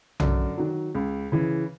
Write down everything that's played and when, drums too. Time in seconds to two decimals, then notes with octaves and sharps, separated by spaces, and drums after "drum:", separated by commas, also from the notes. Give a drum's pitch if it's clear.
0.20 F#2 D3 D4, drum: tom B1
0.58 D#3 F#3
0.95 C#2
1.32 C#3 E3